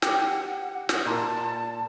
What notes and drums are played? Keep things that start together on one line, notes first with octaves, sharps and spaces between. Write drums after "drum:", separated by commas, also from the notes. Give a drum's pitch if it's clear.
G4 F#5, drum: snare
drum: snare
A#2 A5